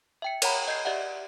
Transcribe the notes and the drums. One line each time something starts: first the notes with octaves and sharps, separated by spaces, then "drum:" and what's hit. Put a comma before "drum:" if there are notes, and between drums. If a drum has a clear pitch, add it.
E5 G5 C#7
A#4 C#5 F#5 A#5 B5, drum: cymbal
D#5 G6 G#6 C7
G4 D5 E5 F#5